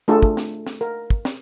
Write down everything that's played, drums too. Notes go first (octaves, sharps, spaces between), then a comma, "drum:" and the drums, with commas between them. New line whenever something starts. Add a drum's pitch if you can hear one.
A3 D4 F4 G#4 A4
drum: kick
drum: snare
drum: snare
A#4
drum: kick
drum: snare